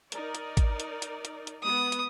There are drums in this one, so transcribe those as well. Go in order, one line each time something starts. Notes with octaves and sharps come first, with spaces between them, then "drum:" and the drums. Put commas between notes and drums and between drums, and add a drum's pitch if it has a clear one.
D#4 A#4 D5, drum: hi-hat
drum: hi-hat
drum: kick, hi-hat
drum: hi-hat
drum: hi-hat
drum: hi-hat
drum: hi-hat
G#3 B3 D#6
drum: hi-hat